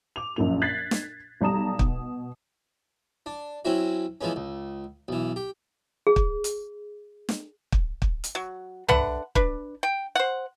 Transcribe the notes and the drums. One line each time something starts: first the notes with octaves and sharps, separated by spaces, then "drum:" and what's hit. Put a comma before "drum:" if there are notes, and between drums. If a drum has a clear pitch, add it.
D6 F7
A#1 F#2 A#2 F7
F#6 G#6 A6 B6 C7 F#7
drum: snare
B1 G3 A5 A#5 D#6 E7
B2, drum: kick
D4
F#3 C4 C#4 E4 F#4
E3 F3 G#3 B3 C#4
C#2
B1 E3
G4
G#4
drum: kick
drum: hi-hat
drum: snare
drum: kick
drum: kick
drum: hi-hat
F#3
D3 B4 E5 F#5, drum: tom
D4 B4, drum: kick
G5
C5 F#5